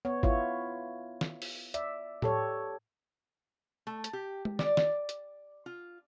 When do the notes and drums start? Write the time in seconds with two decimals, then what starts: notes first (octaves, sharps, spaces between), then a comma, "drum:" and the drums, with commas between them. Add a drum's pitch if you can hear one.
0.05 B3 C#5
0.23 E4 F4 C#5, drum: kick
1.21 drum: snare
1.42 drum: open hi-hat
1.74 D5 E5, drum: hi-hat
2.22 G4 A4 C#5, drum: tom A2
3.87 A3
4.04 drum: hi-hat
4.13 G4
4.45 drum: tom G#3
4.59 D5, drum: snare
4.77 drum: snare
5.09 drum: hi-hat
5.66 F4